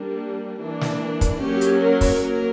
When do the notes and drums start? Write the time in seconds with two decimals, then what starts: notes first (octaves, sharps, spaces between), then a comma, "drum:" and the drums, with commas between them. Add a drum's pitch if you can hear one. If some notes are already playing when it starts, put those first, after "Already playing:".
Already playing: G3 A#3 D4
0.61 E3 A#3 D4
0.81 drum: snare
1.21 drum: kick, hi-hat
1.41 F#3 A#3 C#4 G4
1.61 drum: hi-hat
1.81 A#4
2.01 drum: kick, open hi-hat
2.21 F#3 A#3 A#4